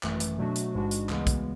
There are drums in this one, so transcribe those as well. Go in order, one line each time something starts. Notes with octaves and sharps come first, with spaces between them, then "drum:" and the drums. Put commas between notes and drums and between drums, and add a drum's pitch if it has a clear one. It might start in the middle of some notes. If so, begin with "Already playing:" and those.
G#1 F#2 E3 A3, drum: clap
drum: hi-hat
B2 F#3 A3 D4 F#4
drum: hi-hat
A1 G#2 G#3 D4 F#4
drum: hi-hat
D2 C#3 E3 G#3 B3, drum: clap
drum: kick, hi-hat